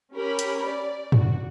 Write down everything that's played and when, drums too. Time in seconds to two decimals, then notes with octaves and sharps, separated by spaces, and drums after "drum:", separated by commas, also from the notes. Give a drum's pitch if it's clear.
0.15 C#4 G4 A#4 B5
0.39 drum: hi-hat
0.68 D5
1.12 F#4, drum: tom